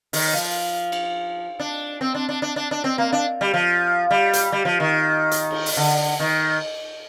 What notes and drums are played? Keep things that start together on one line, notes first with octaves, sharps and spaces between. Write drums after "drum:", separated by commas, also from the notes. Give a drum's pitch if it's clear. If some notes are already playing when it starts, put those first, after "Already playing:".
D#3, drum: open hi-hat
F3
drum: cymbal
D4
C4
D4
D4
D4
D4
D4
C4
A#3
D4
G3
F3
G3
drum: hi-hat
G3
F3
D#3
drum: hi-hat
drum: cymbal
drum: open hi-hat
D3
D#3